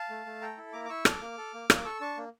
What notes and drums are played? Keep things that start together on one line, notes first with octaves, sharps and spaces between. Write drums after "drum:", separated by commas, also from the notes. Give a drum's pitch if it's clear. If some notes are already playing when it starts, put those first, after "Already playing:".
Already playing: F5 A5
A3
A3
A4 G5 A#5
E4
A#3 A#5 D6
D6
E4 C#6 E6
A4 D6 F6, drum: rim click
A#3
A4
A#3
A#3, drum: rim click
D6
A4 C#6 E6
D4 A5 C#6
A#3